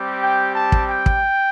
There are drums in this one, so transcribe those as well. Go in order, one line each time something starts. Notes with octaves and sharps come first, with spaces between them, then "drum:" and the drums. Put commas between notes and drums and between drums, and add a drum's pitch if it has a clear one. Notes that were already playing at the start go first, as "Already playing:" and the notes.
Already playing: G3 C4 G4
G5
A5
drum: kick
G5
drum: kick